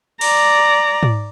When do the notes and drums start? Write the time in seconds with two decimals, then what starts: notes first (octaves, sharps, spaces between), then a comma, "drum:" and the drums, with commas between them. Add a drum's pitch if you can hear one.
0.21 D5 A#5, drum: cymbal
1.03 drum: tom G#2